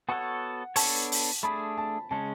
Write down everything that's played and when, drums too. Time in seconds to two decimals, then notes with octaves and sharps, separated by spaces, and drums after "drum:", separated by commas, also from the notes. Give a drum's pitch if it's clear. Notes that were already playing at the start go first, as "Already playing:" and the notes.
0.09 B3 F#4 A4 C#5 F#5
0.76 B3 D4 A4 C#5 A5, drum: open hi-hat
1.12 drum: open hi-hat
1.43 A3 D4 G#4 B5
1.78 A5
2.11 C#3 G#3 C#4 A5